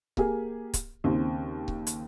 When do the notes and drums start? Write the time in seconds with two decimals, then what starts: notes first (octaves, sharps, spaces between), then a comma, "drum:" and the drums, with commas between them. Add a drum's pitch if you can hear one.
0.17 A#3 G4 G#4, drum: kick C#1
0.74 drum: kick C#1, hi-hat
1.04 D#2 C#3 C4
1.68 drum: kick C#1
1.87 drum: hi-hat